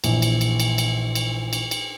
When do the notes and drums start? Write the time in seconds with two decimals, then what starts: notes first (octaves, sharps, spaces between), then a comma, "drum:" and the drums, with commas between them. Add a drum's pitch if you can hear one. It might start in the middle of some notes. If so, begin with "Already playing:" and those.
0.04 A#1 E3, drum: cymbal
0.22 drum: cymbal
0.41 drum: cymbal
0.60 drum: cymbal
0.78 drum: cymbal
1.15 drum: cymbal
1.53 drum: cymbal
1.71 drum: cymbal